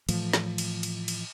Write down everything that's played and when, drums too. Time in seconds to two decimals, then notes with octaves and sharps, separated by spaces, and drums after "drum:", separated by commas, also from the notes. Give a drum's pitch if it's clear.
0.09 A2 E3 F3 A3, drum: cymbal
0.33 drum: snare
0.58 drum: cymbal
0.83 drum: cymbal
1.08 drum: cymbal